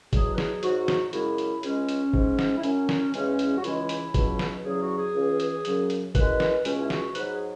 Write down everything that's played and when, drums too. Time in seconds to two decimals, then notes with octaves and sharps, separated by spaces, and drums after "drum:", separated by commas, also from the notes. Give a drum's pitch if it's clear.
0.13 E2 B2 F#3 G#4, drum: kick G#1, hi-hat
0.33 B4
0.38 G#4, drum: snare
0.63 G#2 F#3 F#4, drum: hi-hat
0.88 drum: snare
1.13 F#2 C#3 G#3 E4, drum: hi-hat
1.38 drum: hi-hat
1.63 C#2 C#3 G#3 C#4, drum: hi-hat
1.88 drum: hi-hat
2.13 G#2 G#3, drum: kick G#1
2.39 drum: snare
2.57 E4
2.63 F#2 F#3 C#4, drum: hi-hat
2.89 drum: snare
3.14 E2 C#3 E3 G#3 C#4, drum: hi-hat
3.39 drum: hi-hat
3.58 F#4
3.64 C#2 C#3 E3 G#3 E4, drum: hi-hat
3.89 drum: hi-hat
4.14 C#2 B2 F#3, drum: kick G#1, hi-hat
4.39 drum: snare
4.64 E2 C#3 F#3 G#4
4.81 F#4
4.97 G#4
5.15 C#2 C#3 E3
5.40 drum: hi-hat
5.65 F#2 C#3 F#3, drum: hi-hat
5.90 drum: hi-hat
6.15 F#2 E3 G#3 B4, drum: kick G#1, hi-hat
6.40 drum: snare
6.65 C#2 B2 G#3 C#4, drum: hi-hat
6.81 E4
6.90 F#4, drum: snare
7.15 G#2 F#3 B4, drum: hi-hat
7.32 G#4